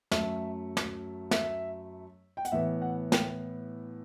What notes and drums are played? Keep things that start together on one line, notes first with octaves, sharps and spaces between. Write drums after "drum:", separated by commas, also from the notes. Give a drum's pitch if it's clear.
F#2 F#3 A3 E5, drum: snare
drum: snare
E5, drum: snare
G5
F#5, drum: hi-hat
A2 E3 B3 E5
F#5
G5, drum: snare